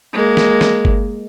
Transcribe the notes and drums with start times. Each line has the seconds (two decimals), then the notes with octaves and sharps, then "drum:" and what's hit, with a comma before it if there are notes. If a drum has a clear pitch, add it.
0.13 G#3 A#3
0.37 drum: snare
0.61 drum: snare
0.85 drum: kick G1